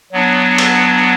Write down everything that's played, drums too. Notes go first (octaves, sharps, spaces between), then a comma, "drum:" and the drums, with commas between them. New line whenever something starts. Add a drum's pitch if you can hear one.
F#3 B3 D4
drum: cymbal